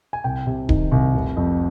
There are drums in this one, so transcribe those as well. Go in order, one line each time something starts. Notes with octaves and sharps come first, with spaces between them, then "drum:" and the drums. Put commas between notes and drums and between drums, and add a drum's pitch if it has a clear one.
G#5
C2 G5
C3
D#3, drum: kick D1
C2
F1
F2